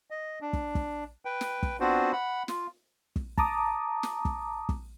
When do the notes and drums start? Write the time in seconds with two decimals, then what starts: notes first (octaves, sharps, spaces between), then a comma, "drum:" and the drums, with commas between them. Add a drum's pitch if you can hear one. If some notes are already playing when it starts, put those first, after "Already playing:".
0.10 D#5
0.41 D4
0.53 drum: kick
0.75 drum: kick
1.25 B4 G5
1.41 drum: snare
1.63 drum: kick
1.80 B3 C4 D4 F4 F#4 C5
2.13 F#5 B5
2.48 F4, drum: snare
3.16 drum: kick
3.38 A5 A#5 D6 D#6, drum: kick
4.03 drum: snare
4.25 drum: kick
4.69 drum: kick